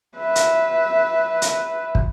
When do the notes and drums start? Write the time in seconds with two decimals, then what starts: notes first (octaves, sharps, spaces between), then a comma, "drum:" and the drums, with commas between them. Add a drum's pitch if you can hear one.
0.18 B4 E5
0.36 drum: hi-hat
1.42 drum: hi-hat
1.95 drum: kick